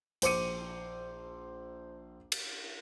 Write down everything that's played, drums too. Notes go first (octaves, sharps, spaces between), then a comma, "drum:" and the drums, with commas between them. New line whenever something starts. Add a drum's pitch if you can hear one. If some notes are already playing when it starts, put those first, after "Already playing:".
A#1 C5 D6 C#7 D#7, drum: hi-hat
drum: cymbal